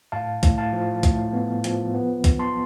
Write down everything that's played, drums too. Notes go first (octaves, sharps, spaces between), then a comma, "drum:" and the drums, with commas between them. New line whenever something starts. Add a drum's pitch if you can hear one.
A2 F5 A5
A2, drum: kick, hi-hat
F5 A5
F3
A2, drum: kick, hi-hat
B3
F3, drum: hi-hat
B3
B1, drum: kick, hi-hat
A5 C6